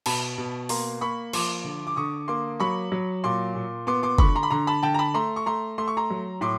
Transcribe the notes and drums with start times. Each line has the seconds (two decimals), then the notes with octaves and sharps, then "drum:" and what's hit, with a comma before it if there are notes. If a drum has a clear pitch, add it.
0.06 B2 A5 B5, drum: cymbal
0.38 B2
0.69 A#3 A#5 C6, drum: open hi-hat
1.01 A#3 B5 C#6
1.33 F3 C6 D6, drum: cymbal
1.64 D3
1.87 D6
1.96 D3 C#6 D#6
2.28 A#3 C6 D6
2.60 F#3 B5 C#6
2.92 F#3
3.24 A#2 C6 D6
3.55 A#2
3.87 B3 C6 D6
4.03 C6 D6
4.18 D3 B5 C#6, drum: kick
4.36 A#5 C6
4.43 B5
4.50 D3 A#5 C6
4.67 A5 B5
4.83 D3 G5 A5
4.94 A#5
4.98 A5 B5
5.14 A3 A#5 C6
5.36 C#6
5.46 A3 A#5 C6
5.78 A3 C6
5.88 C#6
5.97 A#5 C6
6.10 F#3
6.41 A2 C6 D6